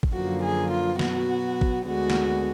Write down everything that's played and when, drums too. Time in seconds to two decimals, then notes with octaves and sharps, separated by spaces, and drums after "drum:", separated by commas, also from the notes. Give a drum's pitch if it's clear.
0.03 drum: kick A1
0.13 F#2 D3 F3 A#3 F#4
0.42 G#4
0.70 F4
0.99 B2 F#3 B3 F#4, drum: snare
1.61 drum: kick A1
1.86 D2 D3 G#3 B3 F#4
2.10 drum: snare